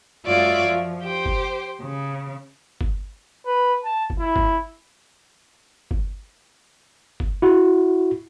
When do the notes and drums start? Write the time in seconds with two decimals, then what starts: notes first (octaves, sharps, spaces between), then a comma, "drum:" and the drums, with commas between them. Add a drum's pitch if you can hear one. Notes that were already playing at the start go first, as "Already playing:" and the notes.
0.25 F#2 G#3 F4 C#5 D5 E5
0.65 F3
1.04 G4 C5
1.26 drum: kick G1
1.82 C#3
2.81 drum: kick G1
3.46 B4
3.84 A5
4.10 drum: kick G1
4.19 E4
4.36 drum: kick G1
5.91 drum: kick G1
7.20 drum: kick G1
7.42 E4 F#4